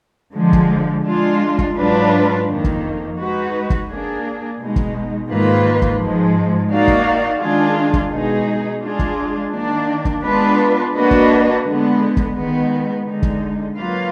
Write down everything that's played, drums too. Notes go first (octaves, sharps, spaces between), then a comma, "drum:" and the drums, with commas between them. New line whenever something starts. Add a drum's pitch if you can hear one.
D3 F3 G#3
drum: kick
G#3 D4 F4
drum: kick
G#2 F#3 D4 F4 B4
F2 D#3 A#3
drum: kick
G#3 D#4 F#4 B4
drum: kick
A#3 D4 G#4
B2 G#3 D#4
drum: kick
G#2 D#3 A#3 F4 B4
drum: kick
G#2 F3 G#3
A#3 D#4 F#4 D5 F5
drum: kick
D#3 G#3 D4 F4 G#4
drum: kick
B2 G#3 D#4 G#4
G#3 D4 F4 G#4
drum: kick
D#3 A#3 D4
drum: kick
G#3 B3 D4 F4 B4
A#3 D4 F#4 B4 D#5
drum: kick
D3 G#3 B3
drum: kick
D#3 G#3 B3
D3 G#3 D#4
drum: kick
F#3 A#3 F4 B4 F5